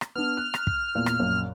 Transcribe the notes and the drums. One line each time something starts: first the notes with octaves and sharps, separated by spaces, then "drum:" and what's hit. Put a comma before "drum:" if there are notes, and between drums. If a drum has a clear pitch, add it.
drum: rim click
B3 D4 F6
F#6
drum: rim click
drum: kick
E2 A#2
drum: rim click
A#1 F#2